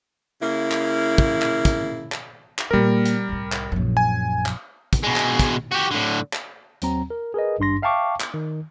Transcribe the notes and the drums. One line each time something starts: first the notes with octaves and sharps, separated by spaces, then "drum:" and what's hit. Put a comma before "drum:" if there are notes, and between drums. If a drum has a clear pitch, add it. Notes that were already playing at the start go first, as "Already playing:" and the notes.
C#3 A#3 E4
drum: clap
drum: kick
drum: clap
drum: kick, hi-hat
drum: clap
drum: clap
A#2 G3 A#3 A#4
drum: hi-hat
C2 A2
drum: clap
A#1 F#2
G#5
drum: clap
drum: kick, hi-hat
B2 G#3
drum: clap
drum: kick, hi-hat
F#4 G4
A2 D3
drum: clap
D#2 F#3 C4 A#5, drum: hi-hat
A#4
G#4 A#4 B4 D#5
G#1 G2 D4 C6 A#6
E5 F5 G5 A5 C#6 D6
drum: clap
D#3